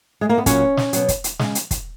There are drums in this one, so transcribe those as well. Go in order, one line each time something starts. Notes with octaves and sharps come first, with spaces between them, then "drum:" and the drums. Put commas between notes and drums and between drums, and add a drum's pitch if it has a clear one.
G#3
A#3
B3
A#2 F#3 C#4, drum: kick, hi-hat
drum: snare
B2 F#3, drum: hi-hat
drum: kick, hi-hat
drum: hi-hat
C#3 G#3, drum: snare
drum: hi-hat
drum: kick, hi-hat